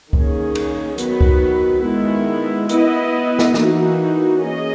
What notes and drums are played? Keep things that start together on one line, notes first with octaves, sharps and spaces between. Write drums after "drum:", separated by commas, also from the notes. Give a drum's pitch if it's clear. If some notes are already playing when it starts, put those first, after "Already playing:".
D#3 A#3 C#4 G#4, drum: kick C2
drum: cymbal
D#3 F#3 B3 F#4 B4, drum: hi-hat
drum: kick C2
D#3 G#3 B3 E4
B3 E4 B4 D#5, drum: hi-hat
drum: snare
E3 A#3 D#4 F#4, drum: snare
A#3 C#4 G#4 D#5